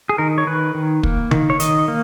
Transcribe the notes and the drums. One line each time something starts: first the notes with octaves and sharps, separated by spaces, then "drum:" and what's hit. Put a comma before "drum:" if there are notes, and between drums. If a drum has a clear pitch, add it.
G#4
D#3 A#4
C#5
D#3 B4
D#3
A#3, drum: kick
D#3, drum: tom C#3
C#5
D#3 D#5, drum: hi-hat
A#3